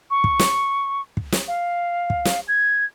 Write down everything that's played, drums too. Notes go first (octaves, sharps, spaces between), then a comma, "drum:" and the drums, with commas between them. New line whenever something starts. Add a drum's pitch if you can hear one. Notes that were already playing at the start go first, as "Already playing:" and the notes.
C#6
drum: kick
drum: snare
drum: kick
drum: snare
F5
drum: kick
drum: snare
G#6